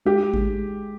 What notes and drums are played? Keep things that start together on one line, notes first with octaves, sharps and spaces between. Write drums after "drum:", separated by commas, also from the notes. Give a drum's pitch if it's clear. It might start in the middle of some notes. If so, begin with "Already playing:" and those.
G#3 G4
G#3, drum: kick G#1